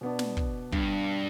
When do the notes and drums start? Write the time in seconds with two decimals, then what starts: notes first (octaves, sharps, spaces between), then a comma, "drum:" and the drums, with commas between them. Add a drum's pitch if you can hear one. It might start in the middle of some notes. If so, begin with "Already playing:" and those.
0.01 B2 B3 D4
0.19 drum: snare
0.37 drum: kick
0.72 G2, drum: kick